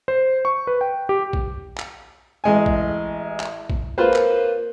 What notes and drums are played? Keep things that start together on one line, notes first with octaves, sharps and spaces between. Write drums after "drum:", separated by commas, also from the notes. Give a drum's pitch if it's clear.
C5
C#6
B4
G5
G4
drum: kick A#1
drum: clap
A1 G#3 G#5
drum: kick A#1
drum: clap
drum: kick A#1
A#3 F4 B4 C5
drum: clap